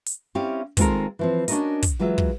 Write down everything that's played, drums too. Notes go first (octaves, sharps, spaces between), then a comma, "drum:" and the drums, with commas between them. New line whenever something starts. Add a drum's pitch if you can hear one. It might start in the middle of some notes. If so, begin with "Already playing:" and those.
drum: hi-hat
C4 C#4 E4 G4 D5 F5
D#3 G#3 C4 F4 A4 A#4, drum: kick, hi-hat
E3 F3 C4
C#4 D4 F4 F#4 A#4 D#5, drum: hi-hat
drum: kick, hi-hat
E3 F#3 G#3 F4 E5
drum: kick